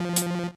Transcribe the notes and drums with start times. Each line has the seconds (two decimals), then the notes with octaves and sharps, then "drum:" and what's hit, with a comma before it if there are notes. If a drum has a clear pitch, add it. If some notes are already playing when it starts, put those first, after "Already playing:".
Already playing: F3
0.16 drum: hi-hat